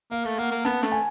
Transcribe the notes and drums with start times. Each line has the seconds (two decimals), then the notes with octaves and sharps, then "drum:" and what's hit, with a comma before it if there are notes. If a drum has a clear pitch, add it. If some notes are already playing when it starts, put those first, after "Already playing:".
0.11 A#3 F5
0.25 A3
0.39 A#3 F#5
0.51 A#3
0.65 B3 A5, drum: snare
0.83 A3, drum: snare
0.92 G#5